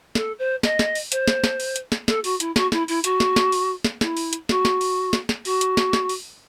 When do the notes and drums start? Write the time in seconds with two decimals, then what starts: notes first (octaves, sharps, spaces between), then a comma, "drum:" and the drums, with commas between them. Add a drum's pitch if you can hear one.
0.15 A4, drum: snare
0.39 C5
0.63 D#5, drum: snare
0.79 drum: snare
0.95 drum: open hi-hat
1.12 C5, drum: hi-hat
1.28 drum: snare
1.44 drum: snare
1.60 drum: open hi-hat
1.76 drum: hi-hat
1.92 drum: snare
2.08 A4, drum: snare
2.24 F#4, drum: open hi-hat
2.40 E4, drum: hi-hat
2.56 F#4, drum: snare
2.72 E4, drum: snare
2.88 E4, drum: open hi-hat
3.04 F#4, drum: hi-hat
3.20 drum: snare
3.36 drum: snare
3.52 drum: open hi-hat
3.84 drum: snare
4.01 E4, drum: snare
4.17 drum: open hi-hat
4.33 drum: hi-hat
4.49 F#4, drum: snare
4.65 drum: snare
4.81 drum: open hi-hat
5.13 drum: snare
5.29 drum: snare
5.45 F#4, drum: open hi-hat
5.61 drum: hi-hat
5.77 drum: snare
5.93 drum: snare
6.09 drum: open hi-hat